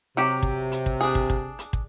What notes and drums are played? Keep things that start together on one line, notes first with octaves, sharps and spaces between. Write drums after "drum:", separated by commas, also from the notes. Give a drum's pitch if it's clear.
C3 F#3 G4
drum: kick
drum: hi-hat
drum: kick
D4 G#4
drum: kick
drum: kick
drum: hi-hat
drum: kick